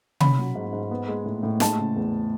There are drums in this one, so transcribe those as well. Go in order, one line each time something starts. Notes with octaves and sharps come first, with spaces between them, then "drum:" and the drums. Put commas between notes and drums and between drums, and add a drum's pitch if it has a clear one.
C#4 B5, drum: tom C3
F#3
G#2
G#2
B3
G#3
A2
A2
G#3 A5, drum: snare
C#3
E2